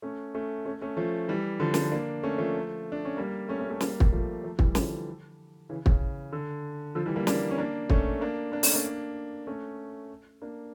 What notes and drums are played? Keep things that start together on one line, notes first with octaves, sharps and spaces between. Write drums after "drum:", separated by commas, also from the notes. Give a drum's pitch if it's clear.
A3 C#4
A3 C#4
A3 C#4
A3 C#4
F3 A3
E3 G3
D3 F3
drum: snare
A#3 D4
A3 C#4
F3 A3
D4
C#4
G3 A#3
A3 C#4
A3 C#4
A3 C#4
G3 A#3, drum: snare
drum: kick
F3 A3
F3 A3
E3 G3, drum: kick
D3 F3, drum: snare
C#3 E3
C#3, drum: kick
D3
D3 F3
E3 G3
G3 A#3
A#3 D4, drum: snare
C#4
A#3 D4
A3 C#4, drum: kick
A#3 D4
A#3 D4
A3 C#4, drum: open hi-hat
A#3 D4
A3 C#4
A#3 D4